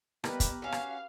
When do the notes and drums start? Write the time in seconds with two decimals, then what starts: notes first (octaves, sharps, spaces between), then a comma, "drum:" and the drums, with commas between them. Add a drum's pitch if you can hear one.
0.24 G3 A#3 B3 G4 A#4 B4 D#5, drum: rim click
0.40 drum: kick, hi-hat
0.62 C#4 F#4 F5
0.72 drum: rim click